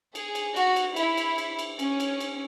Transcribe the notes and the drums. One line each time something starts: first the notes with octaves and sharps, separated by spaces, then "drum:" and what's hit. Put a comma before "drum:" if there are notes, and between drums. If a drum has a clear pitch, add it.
G#4, drum: cymbal
drum: cymbal
F#4, drum: cymbal
drum: cymbal
E4, drum: cymbal
drum: cymbal
drum: cymbal
drum: cymbal
C#4, drum: cymbal
drum: cymbal
drum: cymbal